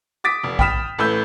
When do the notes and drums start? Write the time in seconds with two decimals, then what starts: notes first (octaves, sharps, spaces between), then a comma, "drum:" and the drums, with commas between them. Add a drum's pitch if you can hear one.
0.24 D6 D#6 A6 B6 D7
0.43 F1
0.59 G5 B5 D#6 F6 B6 E7, drum: kick A#1
0.99 A1 A3 B4 E6 G6